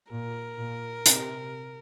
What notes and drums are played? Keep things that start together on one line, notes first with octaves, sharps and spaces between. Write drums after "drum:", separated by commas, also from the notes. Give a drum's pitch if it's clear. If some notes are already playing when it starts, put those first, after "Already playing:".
A#2 A#4
A#2
C3, drum: hi-hat